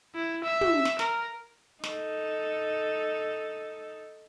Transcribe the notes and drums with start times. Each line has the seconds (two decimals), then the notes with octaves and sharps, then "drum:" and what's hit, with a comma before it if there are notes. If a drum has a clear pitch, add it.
0.15 E4
0.44 E5
0.61 drum: tom
0.85 drum: snare
0.99 A#4, drum: snare
1.84 D#4 A4, drum: snare